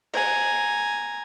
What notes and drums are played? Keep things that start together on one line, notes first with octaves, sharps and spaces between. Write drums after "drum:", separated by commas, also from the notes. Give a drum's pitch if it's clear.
G#5 A#5, drum: cymbal